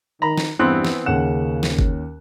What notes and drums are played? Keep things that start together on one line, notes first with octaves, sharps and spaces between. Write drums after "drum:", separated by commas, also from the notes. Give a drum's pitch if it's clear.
D#3 A#5 B5
drum: snare
E2 G2 E3 B3 C4 F#6
drum: snare
D#2 C#3 C#4 F#5 E7
drum: snare
drum: kick G1